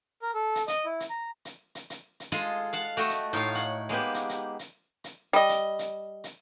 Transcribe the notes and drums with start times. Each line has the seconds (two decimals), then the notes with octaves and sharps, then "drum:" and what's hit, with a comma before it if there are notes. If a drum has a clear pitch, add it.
0.22 A#4
0.34 A4
0.55 drum: hi-hat
0.68 D#5, drum: hi-hat
0.85 E4
1.00 drum: hi-hat
1.10 A#5
1.45 drum: hi-hat
1.75 drum: hi-hat
1.90 drum: hi-hat
2.20 drum: hi-hat
2.32 G#3 F4 G#4 A4 D#5, drum: hi-hat
2.73 F5 F#5 A5
2.97 A3 F#4 A4 D#5 G5, drum: hi-hat
3.10 drum: hi-hat
3.33 A2 D#4 F4 C#5 F5
3.55 F#5, drum: hi-hat
3.89 G#3 A#3 B3 G4
4.14 drum: hi-hat
4.29 drum: hi-hat
4.59 drum: hi-hat
5.04 drum: hi-hat
5.33 G3 D#5, drum: hi-hat
5.49 drum: hi-hat
5.79 drum: hi-hat
6.24 drum: hi-hat